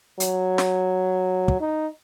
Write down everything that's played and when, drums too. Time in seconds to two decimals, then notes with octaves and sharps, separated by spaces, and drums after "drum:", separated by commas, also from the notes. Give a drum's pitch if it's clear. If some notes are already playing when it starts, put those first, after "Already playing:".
0.20 F#3, drum: hi-hat
0.58 drum: snare
1.48 drum: kick
1.60 D#4